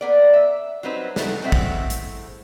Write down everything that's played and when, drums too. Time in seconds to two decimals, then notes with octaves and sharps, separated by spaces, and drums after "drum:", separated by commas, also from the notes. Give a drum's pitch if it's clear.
0.01 A#3 B3 D5
0.33 E5
0.83 F#3 G3 C4 D#4 B4 C5
1.16 C#3 A3 B3, drum: snare
1.42 A2 G#3 C4 D4 E5 F#5
1.52 drum: kick
1.90 drum: hi-hat